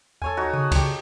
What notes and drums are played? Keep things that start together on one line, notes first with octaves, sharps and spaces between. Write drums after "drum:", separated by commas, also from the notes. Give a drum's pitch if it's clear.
E2 A4 C#5 G#5
D#4 F#4
C#3 D#6
C#3 G4 C#6, drum: kick, cymbal